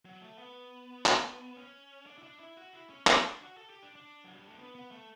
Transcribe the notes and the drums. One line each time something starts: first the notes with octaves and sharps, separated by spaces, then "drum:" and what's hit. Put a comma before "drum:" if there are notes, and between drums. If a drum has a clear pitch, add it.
F#3
A3
B3
drum: clap
C#4
D4
E4
D4
E4
F#4
E4
C#4
C#4, drum: clap
D4
F#4
A4
G4
D4
D4
F#3
G3
A3
B3
B3
A3